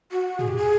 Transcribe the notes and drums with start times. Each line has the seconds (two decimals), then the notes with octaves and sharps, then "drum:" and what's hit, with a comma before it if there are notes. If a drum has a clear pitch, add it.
0.12 F#4
0.39 G#4, drum: tom
0.48 G4
0.56 G#4